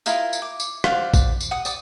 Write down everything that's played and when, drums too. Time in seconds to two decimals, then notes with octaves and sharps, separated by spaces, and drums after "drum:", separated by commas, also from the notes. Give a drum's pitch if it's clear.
0.06 E4 F4 A#4 D#5, drum: tambourine
0.33 drum: tambourine
0.42 D6
0.60 drum: tambourine
0.84 C5 D5 F5 F#5, drum: rim click
1.14 drum: kick, tambourine
1.40 drum: tambourine
1.51 F#5 D#6
1.65 D5 D#6, drum: tambourine